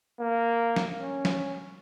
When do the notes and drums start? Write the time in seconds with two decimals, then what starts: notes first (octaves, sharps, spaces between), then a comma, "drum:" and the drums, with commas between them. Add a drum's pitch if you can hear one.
0.19 A#3
0.76 drum: snare
1.01 C#4
1.25 drum: snare